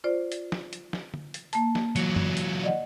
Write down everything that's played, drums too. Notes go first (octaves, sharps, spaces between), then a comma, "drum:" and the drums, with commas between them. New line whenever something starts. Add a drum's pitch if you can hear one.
F4 C5 D5
drum: hi-hat
drum: snare
drum: hi-hat
drum: snare
drum: tom
drum: hi-hat
A#3 A5, drum: hi-hat
drum: snare
E3 F#3, drum: hi-hat
drum: tom
drum: hi-hat
D5 D#5 F#5